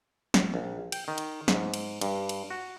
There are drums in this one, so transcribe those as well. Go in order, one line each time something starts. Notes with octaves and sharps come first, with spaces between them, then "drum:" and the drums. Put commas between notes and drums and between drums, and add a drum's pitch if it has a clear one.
drum: snare
A#1
G5, drum: cymbal
D#3
drum: cymbal
G#2, drum: snare
drum: cymbal
G2, drum: cymbal
drum: cymbal
F#4